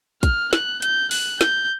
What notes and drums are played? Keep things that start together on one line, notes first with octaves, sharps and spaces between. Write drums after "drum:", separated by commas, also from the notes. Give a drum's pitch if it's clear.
F6, drum: kick, hi-hat
F#6, drum: snare
G6, drum: hi-hat
F#6, drum: open hi-hat
G6, drum: snare